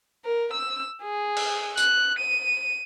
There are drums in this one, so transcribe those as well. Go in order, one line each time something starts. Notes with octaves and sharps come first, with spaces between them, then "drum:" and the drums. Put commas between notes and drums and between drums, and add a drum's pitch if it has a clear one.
A#4
E6
G#4
drum: cymbal
F#6, drum: tambourine
D#7